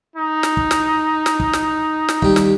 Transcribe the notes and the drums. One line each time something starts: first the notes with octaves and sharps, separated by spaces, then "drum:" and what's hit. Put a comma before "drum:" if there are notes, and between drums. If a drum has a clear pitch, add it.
D#4
drum: snare
drum: kick
drum: snare
drum: snare
drum: kick
drum: snare
drum: snare
D#2 G3, drum: kick
drum: snare